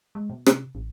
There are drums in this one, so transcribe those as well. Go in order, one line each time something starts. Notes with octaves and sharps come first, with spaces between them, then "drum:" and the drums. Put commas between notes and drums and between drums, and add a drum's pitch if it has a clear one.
G#3
B2
C3, drum: rim click
A1